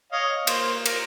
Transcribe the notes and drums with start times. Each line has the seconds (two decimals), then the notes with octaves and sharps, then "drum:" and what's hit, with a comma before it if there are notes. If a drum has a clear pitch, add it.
0.12 C#5 D#5 F5
0.47 A#3 C5, drum: cymbal
0.86 A#4, drum: cymbal